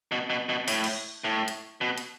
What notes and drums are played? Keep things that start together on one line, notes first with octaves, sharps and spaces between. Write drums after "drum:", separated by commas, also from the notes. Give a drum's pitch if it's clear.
B2
B2
B2
A2, drum: open hi-hat
drum: cymbal
A2
drum: hi-hat
B2
drum: hi-hat